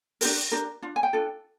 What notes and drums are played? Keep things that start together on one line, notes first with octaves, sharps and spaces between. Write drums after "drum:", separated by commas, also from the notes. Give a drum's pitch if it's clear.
D4 G4 A#4, drum: open hi-hat
D4 G4 A#4
D4 F4
G#5
G5
D4 F4 A4